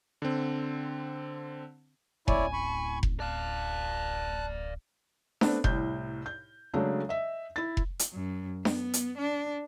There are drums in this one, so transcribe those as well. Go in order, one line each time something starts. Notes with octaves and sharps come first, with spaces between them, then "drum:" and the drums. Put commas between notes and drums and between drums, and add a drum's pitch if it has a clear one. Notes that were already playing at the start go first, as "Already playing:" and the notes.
D3 C4
D1 A1 E4 C#5 D5 G#5, drum: kick F1
B5 C#6
drum: kick F1
D5 F5 A5 F#6
A3 B3 C4 D4, drum: snare D4
C2 A2 G6, drum: kick F1
G6
C#3 F#3 G#3 A3 D4
D#5 E5
E4 A6
drum: kick F1
drum: hi-hat
F#2
B3, drum: snare D4
drum: hi-hat
D4